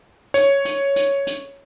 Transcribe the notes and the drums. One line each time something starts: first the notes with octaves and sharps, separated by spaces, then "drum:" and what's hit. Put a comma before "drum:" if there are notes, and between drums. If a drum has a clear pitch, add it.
C#5, drum: hi-hat
drum: hi-hat
drum: hi-hat
drum: hi-hat